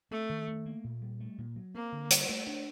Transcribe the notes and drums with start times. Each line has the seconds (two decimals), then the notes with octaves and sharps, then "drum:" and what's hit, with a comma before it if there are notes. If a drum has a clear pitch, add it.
0.11 A3 C4
0.29 D#3
0.48 A3
0.66 A#3
0.84 A#2
1.02 G3
1.20 A3
1.38 A#2
1.56 F#3
1.74 A#3 C4
1.92 D3
2.10 G3, drum: hi-hat
2.29 A3
2.47 D4